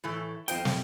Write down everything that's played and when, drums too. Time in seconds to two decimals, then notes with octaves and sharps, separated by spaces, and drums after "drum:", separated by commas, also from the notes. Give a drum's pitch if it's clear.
0.04 A2 E3 A3
0.48 F2 F4 C5 D#5 G5, drum: hi-hat
0.65 drum: snare